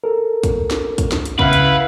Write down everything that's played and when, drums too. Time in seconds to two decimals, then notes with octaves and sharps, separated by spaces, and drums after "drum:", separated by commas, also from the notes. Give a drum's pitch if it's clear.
0.04 A4 A#4
0.43 drum: kick, hi-hat
0.71 drum: snare
0.98 drum: kick, hi-hat
1.12 drum: snare
1.25 drum: hi-hat
1.39 C#3 E4 B4 F5 F#5, drum: kick
1.53 drum: hi-hat